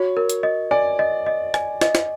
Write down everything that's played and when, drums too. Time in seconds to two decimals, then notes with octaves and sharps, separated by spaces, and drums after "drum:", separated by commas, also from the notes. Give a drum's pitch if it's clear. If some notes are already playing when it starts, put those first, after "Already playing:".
Already playing: F#4 C#5
0.17 A#4
0.29 drum: hi-hat
0.43 D#5
0.71 D5 G#5
0.99 D#5
1.26 D#5
1.54 G#5, drum: rim click
1.81 D#5, drum: snare
1.95 drum: snare